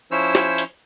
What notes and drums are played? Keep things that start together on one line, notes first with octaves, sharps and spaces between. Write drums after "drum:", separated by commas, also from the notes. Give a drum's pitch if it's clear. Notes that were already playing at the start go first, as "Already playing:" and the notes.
F3 C#4 E4 C5 C#5 E6
drum: snare
drum: hi-hat